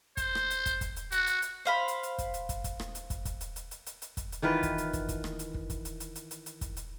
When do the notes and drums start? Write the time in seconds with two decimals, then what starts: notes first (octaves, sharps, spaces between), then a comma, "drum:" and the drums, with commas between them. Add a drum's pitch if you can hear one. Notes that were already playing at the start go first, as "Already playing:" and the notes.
0.17 C5, drum: kick, hi-hat
0.35 drum: rim click
0.50 drum: hi-hat
0.66 drum: kick, hi-hat
0.81 drum: kick, hi-hat
0.96 drum: hi-hat
1.12 F#4, drum: hi-hat
1.27 drum: hi-hat
1.42 drum: hi-hat
1.65 C5 F5 B5
1.88 drum: hi-hat
2.03 drum: hi-hat
2.18 drum: kick, hi-hat
2.34 drum: hi-hat
2.49 drum: kick, hi-hat
2.64 drum: kick, hi-hat
2.80 drum: rim click
2.95 drum: hi-hat
3.10 drum: kick, hi-hat
3.25 drum: kick, hi-hat
3.41 drum: hi-hat
3.56 drum: hi-hat
3.71 drum: hi-hat
3.86 drum: hi-hat
4.02 drum: hi-hat
4.17 drum: kick, hi-hat
4.32 drum: hi-hat
4.42 D#3 E3 F4 B4
4.63 drum: kick, hi-hat
4.78 drum: hi-hat
4.93 drum: kick, hi-hat
5.09 drum: kick, hi-hat
5.24 drum: rim click
5.39 drum: hi-hat
5.54 drum: kick
5.70 drum: kick, hi-hat
5.85 drum: hi-hat
6.00 drum: hi-hat
6.15 drum: hi-hat
6.31 drum: hi-hat
6.46 drum: hi-hat
6.61 drum: kick, hi-hat
6.77 drum: hi-hat